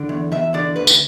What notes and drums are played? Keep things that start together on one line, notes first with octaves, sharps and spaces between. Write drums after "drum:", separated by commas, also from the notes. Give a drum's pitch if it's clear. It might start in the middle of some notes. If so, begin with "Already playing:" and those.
Already playing: D3
E2
E2 E5
D3 D5
D2 B4
drum: tambourine